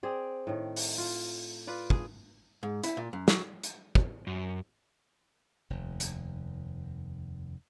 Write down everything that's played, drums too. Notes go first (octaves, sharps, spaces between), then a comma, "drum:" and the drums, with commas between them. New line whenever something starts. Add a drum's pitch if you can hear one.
C4 G#4 D5
A2 D#3
drum: open hi-hat
F4
F4 B4 D5
G#4, drum: kick
G#2
E4, drum: hi-hat
A#2
F#2
F#3, drum: snare
drum: hi-hat
drum: kick
F#2
F1 D#2
drum: hi-hat